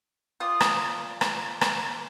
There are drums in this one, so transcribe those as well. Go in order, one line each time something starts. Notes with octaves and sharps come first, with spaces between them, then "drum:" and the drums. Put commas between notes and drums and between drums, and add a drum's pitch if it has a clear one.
F4 D5 D#6
drum: rim click
drum: rim click
drum: rim click